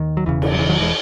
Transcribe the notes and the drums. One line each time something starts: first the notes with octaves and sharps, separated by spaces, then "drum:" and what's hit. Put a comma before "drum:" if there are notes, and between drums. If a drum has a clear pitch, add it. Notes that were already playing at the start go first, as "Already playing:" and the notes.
Already playing: D#2 D#3
F#3
E1 E2 C#3 E3
E3, drum: cymbal
F#3
E3
D#3 F#3
E3 G#3